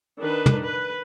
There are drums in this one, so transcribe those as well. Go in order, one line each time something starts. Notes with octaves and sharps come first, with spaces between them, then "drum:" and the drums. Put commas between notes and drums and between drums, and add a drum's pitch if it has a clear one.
D#3 D4 B4
drum: tom
B4